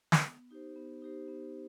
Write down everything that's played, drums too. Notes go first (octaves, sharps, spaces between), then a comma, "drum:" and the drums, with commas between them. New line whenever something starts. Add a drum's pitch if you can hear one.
drum: snare
B3
D#4 G4 C5
B3
D#4 G4 C5
B3